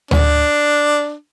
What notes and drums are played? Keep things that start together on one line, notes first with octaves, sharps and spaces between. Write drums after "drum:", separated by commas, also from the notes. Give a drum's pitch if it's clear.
D4, drum: tom D2